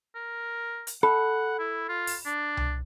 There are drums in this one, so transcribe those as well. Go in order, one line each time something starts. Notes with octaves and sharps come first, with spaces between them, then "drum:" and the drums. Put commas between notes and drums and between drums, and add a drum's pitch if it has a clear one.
A#4
drum: hi-hat
A4 F#5 B5
E4
F4
drum: open hi-hat
D4
drum: tom C2